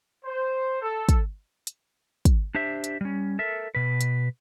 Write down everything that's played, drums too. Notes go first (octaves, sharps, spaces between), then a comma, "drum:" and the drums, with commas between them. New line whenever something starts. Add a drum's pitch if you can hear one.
C5
A4
drum: kick, hi-hat
drum: hi-hat
drum: kick, hi-hat
D4 G4 C5 E5
drum: hi-hat
G3 C#4
A4 A#4 E5
B2 B4
drum: hi-hat